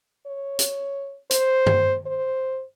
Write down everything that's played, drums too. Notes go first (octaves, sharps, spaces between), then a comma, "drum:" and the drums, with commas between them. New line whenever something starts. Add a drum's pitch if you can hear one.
C#5
drum: hi-hat
C5, drum: hi-hat
drum: tom G2
C5